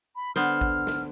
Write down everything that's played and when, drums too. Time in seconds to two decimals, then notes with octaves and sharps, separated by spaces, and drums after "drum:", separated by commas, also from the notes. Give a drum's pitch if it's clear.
0.16 B5
0.36 D3 B3 C5 F6, drum: tambourine
0.61 drum: kick G#1
0.87 drum: snare